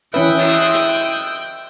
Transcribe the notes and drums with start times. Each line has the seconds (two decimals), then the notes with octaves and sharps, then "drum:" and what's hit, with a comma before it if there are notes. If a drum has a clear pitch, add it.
0.14 E3 C#4 E4 B4 G5 D#6 E6 F#6
0.39 drum: cymbal
0.74 drum: hi-hat